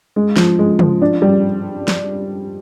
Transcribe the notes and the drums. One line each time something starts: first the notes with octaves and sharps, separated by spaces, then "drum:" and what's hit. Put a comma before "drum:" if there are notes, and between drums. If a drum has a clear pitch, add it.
G#3
F3, drum: snare
G#3
F3, drum: tom
D4
G3
drum: snare